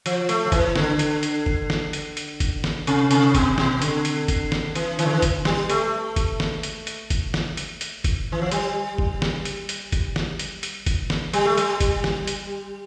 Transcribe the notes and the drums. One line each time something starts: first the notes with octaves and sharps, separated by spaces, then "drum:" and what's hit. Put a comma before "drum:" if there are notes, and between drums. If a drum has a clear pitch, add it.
F3, drum: hi-hat
A3, drum: hi-hat
F3
E3, drum: kick, hi-hat
D3, drum: snare
drum: hi-hat
drum: hi-hat
drum: kick
drum: snare
drum: hi-hat
drum: hi-hat
drum: kick, hi-hat
drum: snare
C3, drum: hi-hat
C3, drum: hi-hat
B2, drum: kick, hi-hat
B2, drum: snare
D3, drum: hi-hat
drum: hi-hat
drum: kick, hi-hat
drum: snare
E3, drum: hi-hat
E3, drum: hi-hat
D3
E3
drum: kick, hi-hat
G3, drum: snare
A3, drum: hi-hat
drum: kick, hi-hat
drum: snare
drum: hi-hat
drum: hi-hat
drum: kick, hi-hat
drum: snare
drum: hi-hat
drum: hi-hat
drum: kick, hi-hat
E3
F3
G3, drum: hi-hat
drum: kick
drum: snare
drum: hi-hat
drum: hi-hat
drum: kick, hi-hat
drum: snare
drum: hi-hat
drum: hi-hat
drum: kick, hi-hat
drum: snare
G3, drum: hi-hat
A3
G3, drum: hi-hat
drum: kick, hi-hat
drum: snare
drum: hi-hat